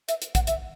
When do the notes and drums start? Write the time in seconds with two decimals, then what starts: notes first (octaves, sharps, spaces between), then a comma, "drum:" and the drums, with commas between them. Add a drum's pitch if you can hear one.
0.09 E5, drum: hi-hat
0.22 drum: hi-hat
0.35 F#5, drum: kick, hi-hat
0.47 E5, drum: hi-hat